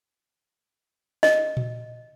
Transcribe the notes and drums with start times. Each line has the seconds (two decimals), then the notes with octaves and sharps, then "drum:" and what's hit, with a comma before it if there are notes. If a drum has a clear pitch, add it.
1.23 D#5, drum: snare
1.57 drum: tom A#2